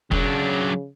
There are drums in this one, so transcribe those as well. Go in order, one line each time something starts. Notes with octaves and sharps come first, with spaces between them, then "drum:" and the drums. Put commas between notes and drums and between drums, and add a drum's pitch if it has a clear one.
C#3 F#3 D4, drum: kick